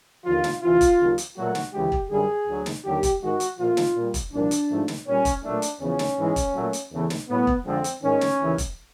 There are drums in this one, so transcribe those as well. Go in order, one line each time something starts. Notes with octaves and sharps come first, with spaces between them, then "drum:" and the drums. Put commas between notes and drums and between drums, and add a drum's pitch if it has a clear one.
D#2 D3 F3 F4
drum: snare
D2 C3 E3 F4
drum: kick, hi-hat
D#2 C#3 F#3
drum: hi-hat
A#2 F#3 A3 F#4
drum: snare
D2 C#3 E3 G#3 G4
drum: kick
F#2 D3 G3 G#4
D2 D3 F#3
drum: snare
D#2 D3 F#3 G4
drum: kick, hi-hat
G#2 D#3 G#3 F#4
drum: hi-hat
A#2 F3 A3 F4
drum: snare
A#2 G3
drum: kick, hi-hat
C2 A#2 F3 D4
drum: hi-hat
G#2 F3 A3
drum: snare
A#2 G3 C#4
drum: kick, hi-hat
A#2 F#3 A3 D4
drum: hi-hat
E2 C#3 F3 C#4
drum: snare
G#2 E3 G#3
drum: kick, hi-hat
A#2 F#3 A3
drum: hi-hat
E2 C#3 E3 A3
drum: snare
A2 F#3 A3 B3
drum: kick
F2 D3 F3 G#3 C4
drum: hi-hat
G#2 D#3 G#3 C#4
drum: snare
D#2 C#3 E3
drum: kick, hi-hat